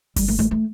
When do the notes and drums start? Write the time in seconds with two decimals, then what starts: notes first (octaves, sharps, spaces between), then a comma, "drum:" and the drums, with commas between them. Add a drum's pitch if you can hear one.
0.16 G3, drum: kick G1, open hi-hat
0.28 A3
0.39 A3
0.51 A3